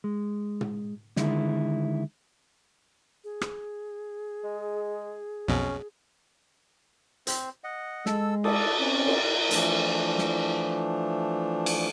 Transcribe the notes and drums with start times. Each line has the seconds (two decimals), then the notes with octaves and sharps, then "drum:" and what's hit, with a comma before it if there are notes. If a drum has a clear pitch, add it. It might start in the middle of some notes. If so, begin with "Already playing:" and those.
0.04 G#3
0.61 drum: tom
1.16 D3 D#3 G#3 E4, drum: snare
3.24 G#4
3.41 drum: rim click
4.44 G#3
5.48 B1 F2 B2 C#4
7.27 C4 C5, drum: hi-hat
7.64 D#5 F#5
8.06 G#3 A4 E6, drum: snare
8.44 A4 D5 D#6, drum: cymbal
8.79 C4 C#4 D5
9.07 drum: cymbal
9.51 E3 F3 A3 D4, drum: hi-hat
10.19 drum: snare
11.66 drum: cymbal